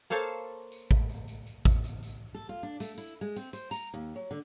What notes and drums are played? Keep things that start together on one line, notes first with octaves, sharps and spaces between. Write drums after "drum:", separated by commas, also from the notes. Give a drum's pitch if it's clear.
A#3 A4 C5 C#5 F5 A5
drum: tambourine
drum: kick A1, tambourine
drum: tambourine
drum: tambourine
drum: tambourine
drum: kick A1, tambourine
drum: tambourine
drum: tambourine
A4
F4
D4
A3, drum: tambourine
E4, drum: tambourine
G#3
C4, drum: tambourine
C5, drum: tambourine
A#5, drum: tambourine
D#2
F#3
D3